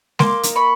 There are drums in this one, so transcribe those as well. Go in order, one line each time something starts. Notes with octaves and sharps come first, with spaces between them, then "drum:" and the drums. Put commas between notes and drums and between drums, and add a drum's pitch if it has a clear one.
A#3 C6 D6, drum: snare G#3
D#4, drum: hi-hat
B5 C#6